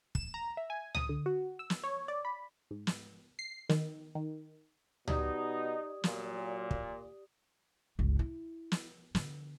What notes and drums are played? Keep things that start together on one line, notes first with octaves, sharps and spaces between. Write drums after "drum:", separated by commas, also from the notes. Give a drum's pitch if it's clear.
E7, drum: kick
A#5
E5
G#5
D#6, drum: tom C#2
D3
F#4
E6
drum: snare
C#5
D5
B5
G#2
drum: snare
C7
D#3, drum: snare
D#3
B2 D#4 G4 D5 D#6, drum: tom C#2
A#2 F#3, drum: snare
drum: kick
G1 C#2
E4
drum: snare
D3, drum: snare